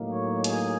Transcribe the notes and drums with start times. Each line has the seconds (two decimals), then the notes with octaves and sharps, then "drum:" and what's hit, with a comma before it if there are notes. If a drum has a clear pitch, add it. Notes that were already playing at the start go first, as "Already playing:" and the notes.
Already playing: A2 F#3 A#3 D#4
0.12 C#5
0.44 G#4, drum: hi-hat